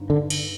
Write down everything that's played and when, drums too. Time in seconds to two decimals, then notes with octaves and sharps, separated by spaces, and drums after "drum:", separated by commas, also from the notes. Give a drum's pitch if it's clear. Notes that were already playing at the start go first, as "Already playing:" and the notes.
Already playing: G1 G2 D#3
0.10 D3
0.30 drum: cymbal